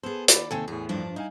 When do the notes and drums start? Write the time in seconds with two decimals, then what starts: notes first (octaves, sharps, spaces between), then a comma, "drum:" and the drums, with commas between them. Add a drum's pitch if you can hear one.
0.03 B3 G#4 A4 C5
0.28 D#2 D5 B5, drum: hi-hat
0.51 D#2 C3 C4 A4 G#5
0.68 E2 A2 G#4
0.89 G2 F3 D4
1.16 D#4 E4 F5 G#5